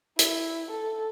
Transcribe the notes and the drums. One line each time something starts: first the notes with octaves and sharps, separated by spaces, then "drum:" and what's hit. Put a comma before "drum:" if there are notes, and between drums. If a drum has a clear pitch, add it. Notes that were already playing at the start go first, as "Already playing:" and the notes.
E4, drum: hi-hat
A4